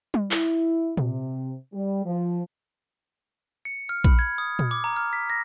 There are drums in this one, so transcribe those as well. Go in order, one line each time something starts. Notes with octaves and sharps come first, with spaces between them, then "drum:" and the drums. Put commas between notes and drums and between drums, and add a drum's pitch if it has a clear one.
drum: tom G3
E4, drum: clap
C3, drum: tom A#2
G3
F3
C#7
F6
B5, drum: kick A#1
G#6
D#6
drum: tom A#2
D6
A#5
F6
B6
A#6